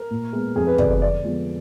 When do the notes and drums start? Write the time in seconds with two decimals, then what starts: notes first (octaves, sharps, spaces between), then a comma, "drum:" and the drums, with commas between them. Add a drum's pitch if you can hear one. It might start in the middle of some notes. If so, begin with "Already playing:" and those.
Already playing: A#4
0.11 A#2
0.33 G#3 B3
0.56 F2 G#4
0.67 B4
0.78 D3 F#3 D5, drum: kick
0.90 D5
1.02 F2 D5
1.24 F3 G#3 B3